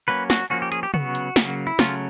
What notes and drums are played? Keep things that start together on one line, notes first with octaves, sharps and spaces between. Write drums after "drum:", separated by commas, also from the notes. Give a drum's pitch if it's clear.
F#3 A#3 C#4 B4
F#4, drum: snare
F3 A#3 C#4 F#4
G4
G#4, drum: hi-hat
G4
C#3 F#3 B3 F#4, drum: tom C3
drum: hi-hat
C#3 F#3 A#3, drum: snare
E4
C#3 F#3 A3 C#4 F4, drum: snare